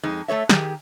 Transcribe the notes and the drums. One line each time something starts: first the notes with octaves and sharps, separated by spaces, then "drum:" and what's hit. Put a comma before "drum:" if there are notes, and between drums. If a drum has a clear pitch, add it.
F2 G#3 D#4
A3 A4 C#5 E5
D#3 G4 G#4, drum: snare